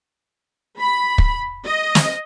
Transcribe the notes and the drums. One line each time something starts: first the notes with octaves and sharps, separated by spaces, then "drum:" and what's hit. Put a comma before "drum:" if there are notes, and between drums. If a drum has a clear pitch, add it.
B5
drum: kick
D#5
drum: snare